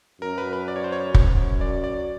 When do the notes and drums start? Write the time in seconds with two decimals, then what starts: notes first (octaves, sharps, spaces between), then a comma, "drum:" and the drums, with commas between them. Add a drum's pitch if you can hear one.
0.21 F#2 A#4
0.38 B4
0.53 B4
0.68 D5
0.76 C#5
0.84 C5
0.92 C#5
1.14 F#2, drum: kick
1.61 D5
1.84 D5